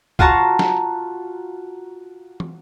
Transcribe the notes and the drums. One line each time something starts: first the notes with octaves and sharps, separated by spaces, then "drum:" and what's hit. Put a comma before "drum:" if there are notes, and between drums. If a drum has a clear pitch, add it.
F4 F#4 A5 A#5 C#6, drum: kick C#2
drum: snare
drum: tom